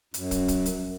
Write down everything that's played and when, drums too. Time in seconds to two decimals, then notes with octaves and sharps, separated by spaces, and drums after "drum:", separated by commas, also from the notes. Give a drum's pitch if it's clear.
0.14 F#2, drum: hi-hat
0.31 drum: kick, hi-hat
0.48 drum: kick, hi-hat
0.66 drum: hi-hat